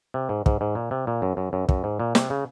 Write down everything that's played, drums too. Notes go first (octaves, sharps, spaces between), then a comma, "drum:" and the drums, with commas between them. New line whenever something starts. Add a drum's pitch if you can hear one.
C3
G#2
G#2, drum: kick
G#2
A#2
C3
A#2
F#2
F#2
F#2
F#2, drum: kick
G#2
A#2
C3, drum: snare
C#3